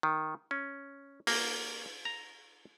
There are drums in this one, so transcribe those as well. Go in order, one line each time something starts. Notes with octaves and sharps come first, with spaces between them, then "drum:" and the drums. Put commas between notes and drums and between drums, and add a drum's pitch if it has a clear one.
D#3
C#4
A#3, drum: open hi-hat
A#5